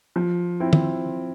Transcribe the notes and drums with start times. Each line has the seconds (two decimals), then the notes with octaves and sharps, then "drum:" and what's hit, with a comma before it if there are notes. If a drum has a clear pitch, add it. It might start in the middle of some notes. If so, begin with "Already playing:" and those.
0.16 F3
0.60 C4 E4
0.73 drum: tom